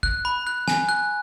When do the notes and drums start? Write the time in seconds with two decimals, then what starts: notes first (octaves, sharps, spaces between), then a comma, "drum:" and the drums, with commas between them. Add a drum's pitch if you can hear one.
0.03 F#6, drum: kick
0.25 B5
0.47 F#6
0.68 G#5, drum: snare
0.89 F#6